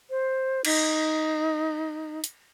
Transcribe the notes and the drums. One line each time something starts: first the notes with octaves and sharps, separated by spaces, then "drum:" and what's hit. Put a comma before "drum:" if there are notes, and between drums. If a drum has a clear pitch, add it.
C5
D#4, drum: cymbal
drum: hi-hat